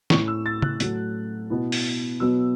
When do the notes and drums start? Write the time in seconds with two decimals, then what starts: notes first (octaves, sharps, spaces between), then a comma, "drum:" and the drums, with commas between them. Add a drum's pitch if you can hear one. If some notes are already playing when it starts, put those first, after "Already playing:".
0.10 A2 A3 C#4 E4 C#6, drum: snare
0.28 E6
0.46 A6
0.62 F#6, drum: tom
0.80 A2 F#3 A3, drum: hi-hat
1.50 B2 B3 E4
1.72 drum: open hi-hat
2.20 B2 F#3 B3 E6